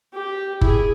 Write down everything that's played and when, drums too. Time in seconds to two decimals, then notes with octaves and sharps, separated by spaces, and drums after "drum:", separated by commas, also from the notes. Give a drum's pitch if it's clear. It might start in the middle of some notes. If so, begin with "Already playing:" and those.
0.14 G4
0.61 E4 G#4, drum: kick F#1